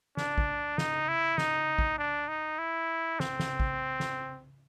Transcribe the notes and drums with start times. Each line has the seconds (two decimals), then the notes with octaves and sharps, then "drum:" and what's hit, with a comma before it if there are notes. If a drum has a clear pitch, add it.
0.17 D4, drum: snare
0.38 drum: kick
0.78 D#4, drum: snare
1.08 E4
1.38 D#4, drum: snare
1.79 drum: kick
1.98 D4
2.28 D#4
2.59 E4
3.20 C4, drum: snare
3.40 drum: snare
3.60 drum: kick
4.00 drum: snare